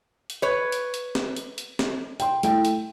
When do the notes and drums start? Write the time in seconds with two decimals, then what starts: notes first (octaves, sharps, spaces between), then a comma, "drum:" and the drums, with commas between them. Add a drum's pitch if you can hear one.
0.30 drum: hi-hat
0.42 B4 C#5
0.72 drum: hi-hat
0.94 drum: hi-hat
1.15 drum: snare
1.36 drum: hi-hat
1.58 drum: hi-hat
1.79 drum: snare
2.20 G5 C6, drum: hi-hat
2.43 A3 E4 G5, drum: hi-hat
2.65 drum: hi-hat